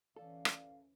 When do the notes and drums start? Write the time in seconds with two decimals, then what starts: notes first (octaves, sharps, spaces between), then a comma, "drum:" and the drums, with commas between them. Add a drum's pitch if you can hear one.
0.16 D2 E3 C#4 A4 D5 F5
0.45 drum: rim click